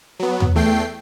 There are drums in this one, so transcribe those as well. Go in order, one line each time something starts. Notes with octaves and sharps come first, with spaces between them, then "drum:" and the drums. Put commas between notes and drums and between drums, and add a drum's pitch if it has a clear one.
F#3 B3
drum: tom
E2 A3 G5 C7